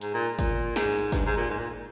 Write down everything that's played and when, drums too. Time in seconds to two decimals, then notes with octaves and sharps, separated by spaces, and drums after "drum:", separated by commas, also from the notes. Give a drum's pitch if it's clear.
0.01 G#2, drum: hi-hat
0.14 A#2
0.39 A#2, drum: kick, hi-hat
0.76 G#2, drum: snare
1.12 G2, drum: kick, open hi-hat
1.26 G#2
1.37 A#2
1.50 G#2
1.59 A#2